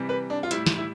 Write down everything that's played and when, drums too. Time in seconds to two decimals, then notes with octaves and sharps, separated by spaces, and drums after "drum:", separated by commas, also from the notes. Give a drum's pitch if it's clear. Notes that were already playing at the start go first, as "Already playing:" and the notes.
Already playing: C3 E3 G3
0.09 B4
0.30 D4
0.43 F4
0.51 A2 G3 E4, drum: hi-hat
0.67 drum: snare
0.78 E4